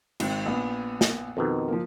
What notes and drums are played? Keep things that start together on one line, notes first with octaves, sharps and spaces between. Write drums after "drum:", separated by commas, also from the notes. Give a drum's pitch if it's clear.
G#1 C4, drum: cymbal
A#1 B3
drum: snare
F2 B2 D#3
F3 A#3